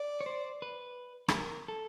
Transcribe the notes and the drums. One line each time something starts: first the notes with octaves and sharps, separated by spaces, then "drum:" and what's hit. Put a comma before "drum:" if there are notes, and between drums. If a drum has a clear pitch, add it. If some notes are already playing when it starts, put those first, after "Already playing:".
Already playing: D5
C#5
C5
B4
A4, drum: rim click
A#4
A4